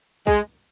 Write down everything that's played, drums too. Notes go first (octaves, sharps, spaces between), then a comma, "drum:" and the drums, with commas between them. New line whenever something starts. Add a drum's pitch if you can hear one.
G#3, drum: kick B1